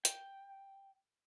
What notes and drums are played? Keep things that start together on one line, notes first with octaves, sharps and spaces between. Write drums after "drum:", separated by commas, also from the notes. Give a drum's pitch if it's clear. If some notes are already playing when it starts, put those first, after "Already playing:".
G5, drum: hi-hat